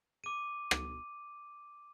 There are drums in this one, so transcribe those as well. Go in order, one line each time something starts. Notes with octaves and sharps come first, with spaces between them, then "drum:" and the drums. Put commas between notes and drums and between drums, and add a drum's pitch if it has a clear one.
D6 D#7
drum: rim click